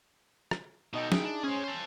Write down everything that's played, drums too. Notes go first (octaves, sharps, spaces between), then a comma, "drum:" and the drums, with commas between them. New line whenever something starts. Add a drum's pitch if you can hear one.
drum: rim click
B2 D#4 A4 D#5 G5
F3 D#4 E4 G#4 G5, drum: snare
D4
C#4 G#4 C5 G#5 C6
A4 C5